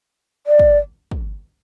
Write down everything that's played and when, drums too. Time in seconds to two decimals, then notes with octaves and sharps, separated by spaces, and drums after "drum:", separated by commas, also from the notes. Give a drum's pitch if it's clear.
0.47 D5
0.59 drum: kick
1.11 drum: kick